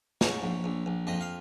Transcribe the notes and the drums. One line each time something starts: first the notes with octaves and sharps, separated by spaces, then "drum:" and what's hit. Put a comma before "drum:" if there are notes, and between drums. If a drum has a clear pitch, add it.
G#2 C#5, drum: snare
A#1
A#1
A#1
F2 D#5
F5